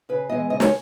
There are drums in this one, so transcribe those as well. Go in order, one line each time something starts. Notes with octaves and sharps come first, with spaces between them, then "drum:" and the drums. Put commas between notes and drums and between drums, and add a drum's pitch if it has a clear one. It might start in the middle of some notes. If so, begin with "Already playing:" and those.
C#3 B4
E3 G#3 B3 D#5
C#3 D#5
C#5, drum: snare